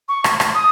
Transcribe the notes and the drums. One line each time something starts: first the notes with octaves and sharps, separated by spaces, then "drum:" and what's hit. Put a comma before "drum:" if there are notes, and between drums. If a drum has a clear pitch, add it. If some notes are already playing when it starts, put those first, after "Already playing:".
C#6
drum: rim click
drum: rim click
D#6